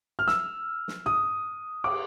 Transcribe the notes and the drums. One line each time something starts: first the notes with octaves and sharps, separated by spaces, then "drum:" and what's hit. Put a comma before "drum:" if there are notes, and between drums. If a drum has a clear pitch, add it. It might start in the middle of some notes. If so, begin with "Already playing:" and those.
F6
E6, drum: snare
drum: snare
D#6, drum: tom
D6, drum: cymbal